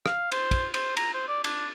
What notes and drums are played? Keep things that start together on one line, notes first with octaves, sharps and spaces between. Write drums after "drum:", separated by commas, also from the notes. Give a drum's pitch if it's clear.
F5, drum: rim click
C5, drum: cymbal
drum: kick, cymbal
C5, drum: cymbal
A#5, drum: cymbal
C5
D5
D4, drum: cymbal